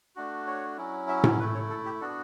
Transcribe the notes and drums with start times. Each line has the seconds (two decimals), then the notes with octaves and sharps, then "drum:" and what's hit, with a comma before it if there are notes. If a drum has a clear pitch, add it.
0.16 A3 D4 F#4
0.47 C#5
0.77 F#3 C#4 E4
1.08 E5
1.24 C#5, drum: tom A2
1.40 A3 E4 B4
1.55 C#5
1.70 A4
1.85 G4
2.01 B3 D4 F#4 A4